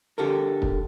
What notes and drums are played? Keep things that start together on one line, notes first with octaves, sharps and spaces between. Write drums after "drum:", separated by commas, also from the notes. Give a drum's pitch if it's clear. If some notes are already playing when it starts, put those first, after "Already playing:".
D3 G4 A4 A#4
drum: kick